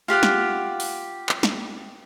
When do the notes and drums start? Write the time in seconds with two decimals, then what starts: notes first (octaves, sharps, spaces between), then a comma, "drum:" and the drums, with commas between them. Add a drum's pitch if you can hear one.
0.08 F4 G4 F5 F#5
0.23 drum: snare
0.80 drum: open hi-hat
1.29 drum: clap
1.43 drum: snare